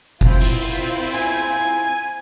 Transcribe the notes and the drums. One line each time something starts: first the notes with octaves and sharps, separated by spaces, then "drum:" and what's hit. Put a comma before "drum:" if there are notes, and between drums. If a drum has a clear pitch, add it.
C4 E4 F4, drum: kick F#1
drum: open hi-hat
G#5, drum: hi-hat